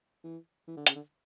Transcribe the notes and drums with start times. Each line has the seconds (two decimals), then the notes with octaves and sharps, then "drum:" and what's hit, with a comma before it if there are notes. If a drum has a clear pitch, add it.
0.24 E3
0.68 E3
0.77 D3
0.87 C#3, drum: hi-hat
0.96 D3